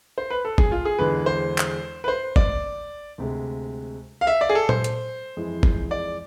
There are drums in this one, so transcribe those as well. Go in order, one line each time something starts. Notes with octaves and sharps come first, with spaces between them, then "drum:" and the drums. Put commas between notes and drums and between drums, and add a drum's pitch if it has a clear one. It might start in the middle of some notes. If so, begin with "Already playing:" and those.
C5
B4
A4
G#4, drum: kick G1
F4
G#4
E2 D3 G#3 B4
C5
drum: clap
B4
C5
D5, drum: kick G1
D2 C3 G#3
F5
E5
D5
G#4
A4
C5, drum: tom A#2
drum: hi-hat
F2 E3 G#3
drum: kick G1
D5